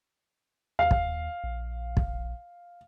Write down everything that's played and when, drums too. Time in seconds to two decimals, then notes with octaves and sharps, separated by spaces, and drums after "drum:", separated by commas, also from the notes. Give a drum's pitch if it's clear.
0.79 D#2 F5
0.91 drum: kick
1.44 A#1
1.97 drum: kick